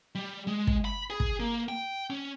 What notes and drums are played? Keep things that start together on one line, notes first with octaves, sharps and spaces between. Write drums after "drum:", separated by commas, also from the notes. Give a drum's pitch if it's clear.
G3
G#3
drum: kick
B5
G#4
drum: kick
A#3
G5
C#4